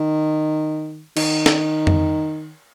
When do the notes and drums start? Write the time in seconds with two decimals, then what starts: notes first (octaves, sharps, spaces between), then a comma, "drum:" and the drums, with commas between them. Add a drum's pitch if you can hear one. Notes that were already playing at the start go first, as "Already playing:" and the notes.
Already playing: D#3
1.17 D#3, drum: cymbal
1.46 drum: snare
1.87 drum: tom F2